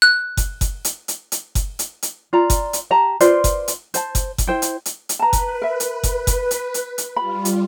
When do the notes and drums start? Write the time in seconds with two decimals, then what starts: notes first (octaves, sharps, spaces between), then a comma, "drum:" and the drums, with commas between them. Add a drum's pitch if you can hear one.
0.02 F#6
0.37 drum: kick F#1, hi-hat
0.61 drum: kick F#1, hi-hat
0.85 drum: hi-hat
1.08 drum: hi-hat
1.32 drum: hi-hat
1.55 drum: kick F#1, hi-hat
1.79 drum: hi-hat
2.02 drum: hi-hat
2.33 F4 D5 A#5
2.50 drum: kick F#1, hi-hat
2.73 drum: hi-hat
2.91 G4 A5 A#5
3.20 F4 B4 C5 D5, drum: hi-hat
3.44 drum: kick F#1, hi-hat
3.68 drum: hi-hat
3.94 C5 A5, drum: hi-hat
4.15 drum: kick F#1, hi-hat
4.38 drum: kick F#1, hi-hat
4.47 E4 C5 G5
4.62 drum: hi-hat
4.86 drum: hi-hat
5.09 drum: hi-hat
5.19 B4 A5 A#5
5.33 drum: kick F#1, hi-hat
5.62 A#4 E5
5.80 drum: hi-hat
6.03 drum: kick F#1, hi-hat
6.27 drum: kick F#1, hi-hat
6.51 drum: hi-hat
6.74 drum: hi-hat
6.98 drum: hi-hat
7.16 G3 F4 B5
7.45 drum: hi-hat